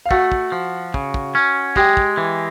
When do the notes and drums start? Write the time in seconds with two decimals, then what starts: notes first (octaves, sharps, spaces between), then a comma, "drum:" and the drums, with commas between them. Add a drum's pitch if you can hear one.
0.06 F5
0.11 A3 F#4 F#5, drum: kick
0.32 drum: kick
0.52 F3
0.94 C#3, drum: kick
1.14 drum: kick
1.35 C#4
1.76 G#3 G4 G5, drum: kick
1.97 drum: kick
2.17 E3